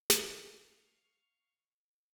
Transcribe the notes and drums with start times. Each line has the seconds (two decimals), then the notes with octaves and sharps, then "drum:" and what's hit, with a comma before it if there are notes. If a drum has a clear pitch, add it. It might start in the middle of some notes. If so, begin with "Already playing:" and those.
0.10 drum: snare
0.22 F5 C#6